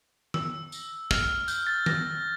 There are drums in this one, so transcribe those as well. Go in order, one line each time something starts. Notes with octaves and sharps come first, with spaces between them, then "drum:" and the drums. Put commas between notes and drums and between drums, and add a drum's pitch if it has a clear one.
E6, drum: tom D#3
drum: tambourine
F6, drum: kick
G6, drum: tambourine
A6
A#6, drum: tom D#3